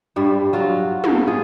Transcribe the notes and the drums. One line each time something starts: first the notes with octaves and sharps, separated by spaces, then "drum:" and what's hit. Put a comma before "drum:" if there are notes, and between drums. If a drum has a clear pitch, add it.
G2 G3 C5
F#3 F4 F#4 F5
drum: tom
F4 G#4